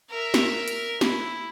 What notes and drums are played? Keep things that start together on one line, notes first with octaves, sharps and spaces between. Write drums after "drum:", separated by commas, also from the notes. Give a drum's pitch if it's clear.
A#4 E5
drum: snare
drum: hi-hat
E4, drum: snare